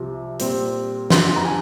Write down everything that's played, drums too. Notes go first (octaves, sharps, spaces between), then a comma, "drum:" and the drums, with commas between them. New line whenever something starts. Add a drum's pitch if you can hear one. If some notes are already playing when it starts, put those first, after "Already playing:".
Already playing: C2 C3 F3
A#2 G3 C4, drum: hi-hat
F2 D3 G3 C6, drum: snare
A#5
G#5